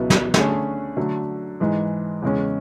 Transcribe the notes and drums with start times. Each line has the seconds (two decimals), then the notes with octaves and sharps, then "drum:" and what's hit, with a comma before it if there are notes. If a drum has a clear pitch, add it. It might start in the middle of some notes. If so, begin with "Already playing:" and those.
Already playing: C#2 B2 F#3 B3 E4
0.10 drum: snare
0.34 D3 A3 C#4 G#4, drum: snare
0.97 D3 F#3 A3
1.60 G#2 E3 G#3
2.22 E2 C#3 G#3 C#4